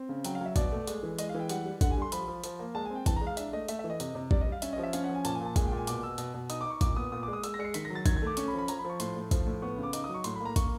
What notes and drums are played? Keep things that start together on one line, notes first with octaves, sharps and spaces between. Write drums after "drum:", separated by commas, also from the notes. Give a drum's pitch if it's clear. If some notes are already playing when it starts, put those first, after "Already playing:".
Already playing: C4
C#3
F#3 G5, drum: hi-hat
F5
F#3 E5
B2 D5, drum: kick, hi-hat
A3
G#3, drum: hi-hat
E3
G#3 D#5, drum: hi-hat
F5
E3 G5
G3 F#5, drum: hi-hat
G3
D3 F#5, drum: kick, hi-hat
G#5
G3 C6
F3 B5, drum: hi-hat
F3
F3, drum: hi-hat
A#3
G#3 A5
G#5
C4
G5
E3 A5, drum: kick, hi-hat
A#5
G#3
F5
D4 E5, drum: hi-hat
A3 D#5
A3 E5, drum: hi-hat
E5
E3
D#5
C3, drum: hi-hat
C3
G3 D5, drum: kick
D#5
G3
F5
C#4 E5, drum: hi-hat
D#5
F3
E5
C#4 F5, drum: hi-hat
F#5
F3
G#5
A#2 A5, drum: hi-hat
G#5
A#2 A5
G#3 G#5, drum: kick, hi-hat
G5
A#2
G#5
B2 D6, drum: hi-hat
B2 E6
B2, drum: hi-hat
B2
D#4 D#6, drum: hi-hat
D6
D#4 C#6
A#2 D6, drum: kick, hi-hat
B3 D#6
A#2 D#6
D6
G#3
D#6
G#3 E6, drum: hi-hat
A#6
G#3 C#7
C7
D#3 B6, drum: hi-hat
A#6
F#3
A6
D#3 G#6, drum: kick, hi-hat
G#6
A3 D6
C#4 C#6, drum: hi-hat
B5
F3
B5
F3 A#5, drum: hi-hat
B5
F3
C#6
A2 C6, drum: hi-hat
A3
F3, drum: kick, hi-hat
A2
B3 C#6
C#3
D6
D#4 D6, drum: hi-hat
D#6
F#3
C#6
A2 C6, drum: hi-hat
B5
A#3
A#5
A#3 C#6, drum: kick, hi-hat